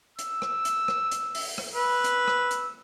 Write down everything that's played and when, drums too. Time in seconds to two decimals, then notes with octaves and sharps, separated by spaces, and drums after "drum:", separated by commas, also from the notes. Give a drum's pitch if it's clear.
0.19 E6, drum: hi-hat
0.42 drum: rim click
0.65 drum: hi-hat
0.88 drum: rim click
1.11 drum: hi-hat
1.35 drum: open hi-hat
1.58 drum: rim click
1.74 B4 E6
2.04 drum: hi-hat
2.28 drum: rim click
2.51 drum: hi-hat